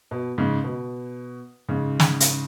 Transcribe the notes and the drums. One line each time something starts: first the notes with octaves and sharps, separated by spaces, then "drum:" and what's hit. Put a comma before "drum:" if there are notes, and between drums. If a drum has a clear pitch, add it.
B2
G#2 C#3
B2
G#2 C#3
drum: snare
drum: hi-hat